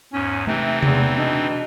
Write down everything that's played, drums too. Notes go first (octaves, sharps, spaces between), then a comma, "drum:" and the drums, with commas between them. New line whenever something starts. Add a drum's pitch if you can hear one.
E2 G#2 C#4
C3 E3 A3 C4 D#4
E2, drum: tom C3
B2 D4